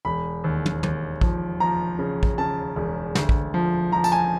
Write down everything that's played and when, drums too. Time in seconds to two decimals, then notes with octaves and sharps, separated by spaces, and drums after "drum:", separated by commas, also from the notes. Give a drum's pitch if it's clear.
0.05 E1 B5
0.44 D#2
0.66 drum: tom
0.83 D#2, drum: tom
1.21 F3, drum: kick
1.60 F3 A#5
1.99 C#3
2.23 drum: kick
2.38 C#3 A5
2.76 E1
3.15 D2, drum: snare
3.29 drum: kick
3.54 F3
3.92 F3 A#5
4.04 A5, drum: tambourine
4.12 G#5